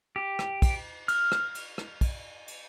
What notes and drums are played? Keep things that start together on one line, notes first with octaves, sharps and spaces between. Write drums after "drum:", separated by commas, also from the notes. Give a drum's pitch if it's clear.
G4
drum: rim click
drum: kick, cymbal
F6, drum: cymbal
drum: rim click
drum: cymbal
drum: rim click
drum: kick, cymbal
drum: cymbal